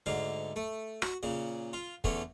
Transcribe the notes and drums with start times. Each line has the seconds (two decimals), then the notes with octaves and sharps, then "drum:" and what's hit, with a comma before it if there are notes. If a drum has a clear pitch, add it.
0.06 D2 G#2 D3 F5
0.56 A3
1.02 F#4, drum: rim click
1.23 A#2 C#3
1.73 F4
2.04 E2 D3 A3 C#4, drum: kick